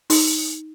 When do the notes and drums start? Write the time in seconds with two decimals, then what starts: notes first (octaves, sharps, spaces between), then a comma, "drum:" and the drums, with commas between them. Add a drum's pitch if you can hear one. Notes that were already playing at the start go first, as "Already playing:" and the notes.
0.10 D#4, drum: open hi-hat